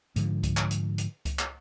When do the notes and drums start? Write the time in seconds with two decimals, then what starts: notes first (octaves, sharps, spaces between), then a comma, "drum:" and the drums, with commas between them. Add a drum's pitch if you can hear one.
0.16 G#2 D3 F3, drum: hi-hat
0.43 drum: kick C#2, hi-hat
0.57 drum: clap
0.71 drum: hi-hat
0.98 drum: hi-hat
1.25 drum: kick C#2, hi-hat
1.39 drum: clap